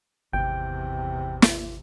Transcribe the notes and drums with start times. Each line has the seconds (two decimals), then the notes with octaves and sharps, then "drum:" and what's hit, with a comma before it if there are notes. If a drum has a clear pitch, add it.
0.33 G#1 E2 C3 G5
1.42 drum: snare